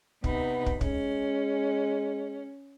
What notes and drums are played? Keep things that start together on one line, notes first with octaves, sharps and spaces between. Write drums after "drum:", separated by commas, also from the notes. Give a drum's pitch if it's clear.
C3 B3 D#4 B5, drum: kick
drum: kick
G#3 C#4, drum: kick